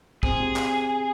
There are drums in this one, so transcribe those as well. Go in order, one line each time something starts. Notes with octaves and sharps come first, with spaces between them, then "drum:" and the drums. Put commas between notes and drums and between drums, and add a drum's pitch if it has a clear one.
C4 G#4, drum: kick
C3
drum: clap